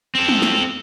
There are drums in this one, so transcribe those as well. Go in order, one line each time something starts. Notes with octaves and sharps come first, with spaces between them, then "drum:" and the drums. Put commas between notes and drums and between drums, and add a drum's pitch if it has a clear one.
C4 A4
drum: tom
drum: snare